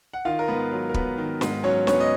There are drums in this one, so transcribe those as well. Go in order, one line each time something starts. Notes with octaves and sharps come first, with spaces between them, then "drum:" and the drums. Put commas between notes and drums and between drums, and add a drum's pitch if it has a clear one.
F#5
D#3 F4 F5
A#4
G#2 B3 B4
F#3
A#4
B3 B4, drum: kick
D#3
G#2, drum: snare
F#3 C#4 C#5
B3 C#4 C#5, drum: snare
D#5